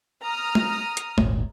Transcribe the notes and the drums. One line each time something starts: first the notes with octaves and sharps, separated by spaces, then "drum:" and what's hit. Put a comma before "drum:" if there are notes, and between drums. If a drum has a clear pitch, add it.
A#5 D#6 F6
drum: tom
drum: hi-hat
D#1 G#1, drum: tom